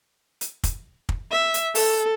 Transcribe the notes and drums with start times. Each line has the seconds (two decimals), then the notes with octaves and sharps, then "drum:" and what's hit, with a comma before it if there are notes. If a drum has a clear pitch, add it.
0.41 drum: hi-hat
0.64 drum: kick, hi-hat
1.09 drum: kick
1.31 E5
1.54 drum: hi-hat
1.75 A4, drum: open hi-hat